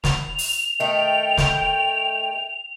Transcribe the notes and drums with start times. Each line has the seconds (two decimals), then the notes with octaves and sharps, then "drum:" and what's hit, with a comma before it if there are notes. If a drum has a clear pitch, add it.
0.04 F7, drum: snare
0.38 drum: open hi-hat
0.80 D#3 A3 G5
1.37 drum: snare